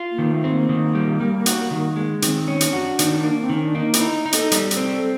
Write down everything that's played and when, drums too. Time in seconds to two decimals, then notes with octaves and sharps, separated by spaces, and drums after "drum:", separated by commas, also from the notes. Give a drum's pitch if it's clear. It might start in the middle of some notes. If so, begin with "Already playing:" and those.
Already playing: F4
0.12 A#3
0.18 D#3
0.31 A3
0.44 C4
0.50 A#3
0.69 D#3
0.95 G3
1.21 G3
1.46 F#4, drum: hi-hat
1.71 D#3
1.96 G#3
2.22 D#3 C4, drum: hi-hat
2.48 C#4
2.61 D4, drum: hi-hat
2.73 F#4
2.99 D#3, drum: hi-hat
3.24 A#3
3.42 C4
3.49 D#3 C#4
3.64 D4
3.75 A#3 D#4
3.94 E4, drum: hi-hat
4.01 D#4
4.26 D#4
4.33 A4, drum: hi-hat
4.52 G3 A4, drum: hi-hat
4.71 A4, drum: hi-hat
4.77 C4
4.90 A4